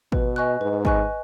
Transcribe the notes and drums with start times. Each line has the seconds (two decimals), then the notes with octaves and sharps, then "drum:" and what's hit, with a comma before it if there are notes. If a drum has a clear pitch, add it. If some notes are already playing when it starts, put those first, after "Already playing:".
0.12 B2 B4, drum: kick G#1
0.36 D#5 G#5 C#6 F#6
0.61 G#2 B4
0.85 D#5 G#5 C#6 F#6, drum: kick G#1